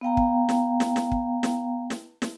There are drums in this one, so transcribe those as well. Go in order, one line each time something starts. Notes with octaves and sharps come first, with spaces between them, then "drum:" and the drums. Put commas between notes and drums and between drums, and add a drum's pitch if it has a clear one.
B3 F5 G5 A#5
drum: kick
drum: snare
drum: snare
drum: snare
drum: kick
drum: snare
drum: snare
drum: snare